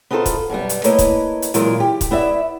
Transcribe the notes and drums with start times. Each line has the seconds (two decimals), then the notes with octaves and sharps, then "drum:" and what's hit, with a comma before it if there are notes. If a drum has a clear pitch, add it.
0.11 B3 D#4 F4 G#4 A4 C5
0.26 drum: kick, hi-hat
0.49 F#2 B2 G3 B3
0.69 drum: hi-hat
0.84 A3 A#3 E4 B4 C#5 D#5, drum: hi-hat
0.99 drum: kick, hi-hat
1.42 drum: hi-hat
1.54 A#2 E3 F#3 G#3 F4 A#4, drum: hi-hat
1.80 G4
2.01 drum: kick, hi-hat
2.11 B3 E4 D5 E5